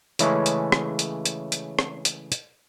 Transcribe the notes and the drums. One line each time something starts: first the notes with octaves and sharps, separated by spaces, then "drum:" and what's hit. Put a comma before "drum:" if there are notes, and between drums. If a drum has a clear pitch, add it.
C#3 E3 G#3 A3 C#4, drum: hi-hat
drum: hi-hat
drum: rim click
drum: hi-hat
drum: hi-hat
drum: hi-hat
drum: rim click
drum: hi-hat
drum: hi-hat